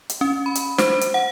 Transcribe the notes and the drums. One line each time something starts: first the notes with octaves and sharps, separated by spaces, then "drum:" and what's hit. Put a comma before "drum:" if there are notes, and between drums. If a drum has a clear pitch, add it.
drum: hi-hat
C#4
B5
drum: hi-hat
C5, drum: snare
drum: hi-hat
F#5